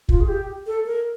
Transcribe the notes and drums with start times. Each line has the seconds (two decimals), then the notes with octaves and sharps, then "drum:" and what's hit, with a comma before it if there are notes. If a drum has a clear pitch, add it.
0.09 F4, drum: kick
0.20 G#4
0.28 G4
0.67 A4
0.86 A#4